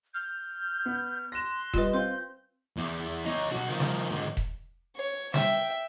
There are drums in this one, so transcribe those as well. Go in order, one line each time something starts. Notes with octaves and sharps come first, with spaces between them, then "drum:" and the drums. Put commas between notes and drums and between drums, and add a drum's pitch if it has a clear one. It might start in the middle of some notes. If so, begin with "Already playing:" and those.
F6 G6
B3
C6 F#6 A#6 E7
G3 F4 B4 D#5, drum: kick E1
C4 F4 C6 G6
E2
D#4 C#5
B1 F#4
D#3 F3
drum: snare
G#2 D3
drum: kick E1
C#5
E5 G5, drum: snare